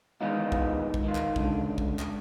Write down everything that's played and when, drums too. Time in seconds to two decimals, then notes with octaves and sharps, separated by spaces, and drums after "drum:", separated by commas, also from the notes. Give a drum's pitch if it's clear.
0.21 D#3 E3 G#3 B3 D#4 F4
0.52 drum: kick
0.94 drum: kick
1.04 D#3 F4
1.15 drum: clap
1.36 C#2 D3, drum: kick
1.78 drum: kick
1.99 drum: clap